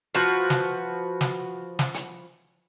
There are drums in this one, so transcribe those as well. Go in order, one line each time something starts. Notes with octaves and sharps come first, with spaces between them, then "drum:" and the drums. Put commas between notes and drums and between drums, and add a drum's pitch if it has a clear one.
F3 F#4 B4
drum: snare
drum: snare
drum: snare
drum: hi-hat